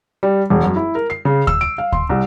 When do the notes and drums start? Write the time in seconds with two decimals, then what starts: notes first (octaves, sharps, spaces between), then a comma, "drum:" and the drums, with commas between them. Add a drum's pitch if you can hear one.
0.23 G3
0.50 E1
0.64 F#2
0.76 E4
0.95 A#4
1.10 C7
1.25 C#3
1.47 E6, drum: kick D2
1.61 D7
1.78 F5
1.92 C6, drum: kick D2
2.09 C2